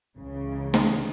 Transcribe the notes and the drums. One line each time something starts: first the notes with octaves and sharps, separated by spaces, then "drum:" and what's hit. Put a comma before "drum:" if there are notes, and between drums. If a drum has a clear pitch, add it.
C#2 C#3 E3
drum: snare